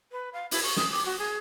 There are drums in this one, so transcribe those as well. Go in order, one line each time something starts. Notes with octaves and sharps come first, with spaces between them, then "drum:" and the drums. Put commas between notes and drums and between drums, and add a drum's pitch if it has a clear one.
B4
F5
E4, drum: open hi-hat
C#6
D#6, drum: snare
D6
F#4
G#4